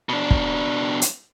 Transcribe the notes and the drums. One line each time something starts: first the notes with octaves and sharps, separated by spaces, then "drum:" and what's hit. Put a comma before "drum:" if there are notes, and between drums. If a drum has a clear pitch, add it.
B2 D4
drum: kick
drum: hi-hat